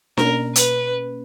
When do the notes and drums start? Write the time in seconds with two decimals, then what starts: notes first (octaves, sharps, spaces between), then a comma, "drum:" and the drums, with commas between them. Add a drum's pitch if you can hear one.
0.17 B2 A#3 C#4 A#4, drum: snare D4
0.56 B4, drum: hi-hat